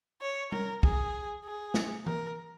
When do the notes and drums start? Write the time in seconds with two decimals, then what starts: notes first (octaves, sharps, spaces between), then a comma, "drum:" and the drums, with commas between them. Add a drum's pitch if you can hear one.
0.22 C#5
0.52 A#4, drum: tom
0.83 G#4, drum: kick
1.45 G#4
1.74 drum: snare
2.06 A#4, drum: tom E3